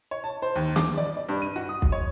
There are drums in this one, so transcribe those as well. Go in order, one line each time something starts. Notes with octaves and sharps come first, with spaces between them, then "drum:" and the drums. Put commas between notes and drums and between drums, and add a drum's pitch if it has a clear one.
C#5
A5
C5
D#2
D6, drum: snare
D5
D5
G2
D#7
F#4
D#6
drum: kick
C#5